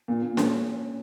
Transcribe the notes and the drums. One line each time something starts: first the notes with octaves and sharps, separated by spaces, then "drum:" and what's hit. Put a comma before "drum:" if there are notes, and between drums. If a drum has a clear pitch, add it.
A#2
A#2
C#4, drum: snare C#4